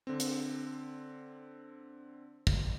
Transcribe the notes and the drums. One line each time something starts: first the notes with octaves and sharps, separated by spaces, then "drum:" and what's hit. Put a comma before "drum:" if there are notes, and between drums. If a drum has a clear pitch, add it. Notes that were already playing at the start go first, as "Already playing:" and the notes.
D3 C4
drum: hi-hat
drum: kick